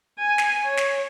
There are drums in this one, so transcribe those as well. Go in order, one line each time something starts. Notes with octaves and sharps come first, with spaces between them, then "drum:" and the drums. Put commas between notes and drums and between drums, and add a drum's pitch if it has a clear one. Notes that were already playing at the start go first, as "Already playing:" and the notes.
G#5
drum: snare
C#5
drum: snare